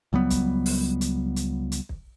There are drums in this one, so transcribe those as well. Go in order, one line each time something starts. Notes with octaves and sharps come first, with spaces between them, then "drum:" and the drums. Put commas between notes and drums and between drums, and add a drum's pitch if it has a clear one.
C#2 F#3 G3 B3
drum: kick, hi-hat
drum: open hi-hat
drum: hi-hat
drum: hi-hat
drum: hi-hat
drum: kick